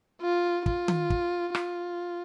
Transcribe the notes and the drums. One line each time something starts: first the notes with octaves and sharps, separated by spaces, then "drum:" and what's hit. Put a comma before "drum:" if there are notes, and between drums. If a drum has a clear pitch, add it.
F4
F4, drum: kick
drum: tom D#3
drum: kick
F4, drum: rim click